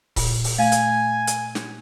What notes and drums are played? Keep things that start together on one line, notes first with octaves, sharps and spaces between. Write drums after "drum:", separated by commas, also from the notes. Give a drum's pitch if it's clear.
A#2 F4, drum: kick C#1, open hi-hat
drum: open hi-hat
A3 F5 G#5
drum: hi-hat
drum: hi-hat
drum: snare